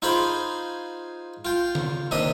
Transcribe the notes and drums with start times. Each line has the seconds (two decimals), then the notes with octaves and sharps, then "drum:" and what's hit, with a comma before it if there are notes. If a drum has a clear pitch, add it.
0.02 D#4 F4 G#4 C5 B5 C6
1.45 F4 G5
1.75 drum: tom C#3
2.11 D#2 C3 D4 D#5 D#6